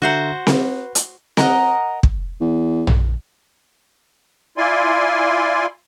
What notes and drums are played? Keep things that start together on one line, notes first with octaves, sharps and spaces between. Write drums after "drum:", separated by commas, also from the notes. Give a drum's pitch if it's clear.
D3 F#4 C5 E5 F#5 A#5
B4, drum: snare C4
drum: hi-hat
A#4 D#5 F#5 A#5, drum: snare C4
drum: kick
E2
drum: tom A#1
E4 F4 D5 G#5 C6